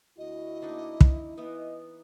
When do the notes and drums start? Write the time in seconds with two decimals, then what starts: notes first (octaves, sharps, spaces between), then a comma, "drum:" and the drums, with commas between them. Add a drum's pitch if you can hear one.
0.18 D2 E4 F#4 D#5
0.62 A#3 D4 D#4
1.01 drum: kick
1.37 E3 B3 D#4 D#5